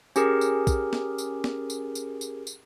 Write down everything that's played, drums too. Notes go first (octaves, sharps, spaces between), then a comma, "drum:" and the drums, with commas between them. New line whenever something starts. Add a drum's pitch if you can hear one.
C#4 G4 G#4 A#4, drum: tambourine
drum: tambourine
drum: kick, tambourine
drum: snare
drum: tambourine
drum: snare
drum: tambourine
drum: tambourine
drum: tambourine
drum: tambourine